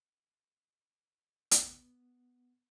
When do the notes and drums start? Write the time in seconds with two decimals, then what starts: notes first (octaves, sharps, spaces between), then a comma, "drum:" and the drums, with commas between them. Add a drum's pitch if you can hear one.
1.51 B3, drum: hi-hat